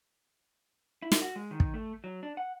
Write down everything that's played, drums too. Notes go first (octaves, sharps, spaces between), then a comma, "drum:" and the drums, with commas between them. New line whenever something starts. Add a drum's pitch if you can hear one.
E4
drum: snare
F#4
G#3
D#3
drum: kick
A3
F#3
D4
F#5